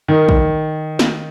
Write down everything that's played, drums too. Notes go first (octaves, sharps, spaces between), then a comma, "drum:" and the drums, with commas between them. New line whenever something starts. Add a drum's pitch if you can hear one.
D#3
drum: kick A#1
drum: snare